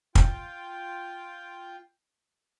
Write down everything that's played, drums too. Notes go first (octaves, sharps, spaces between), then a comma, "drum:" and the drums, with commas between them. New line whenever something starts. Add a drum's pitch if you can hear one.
F4 G5, drum: kick